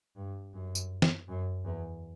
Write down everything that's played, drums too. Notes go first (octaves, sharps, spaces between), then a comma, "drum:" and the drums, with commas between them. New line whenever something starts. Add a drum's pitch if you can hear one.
G2
F#2
drum: tambourine
drum: snare
F#2
E2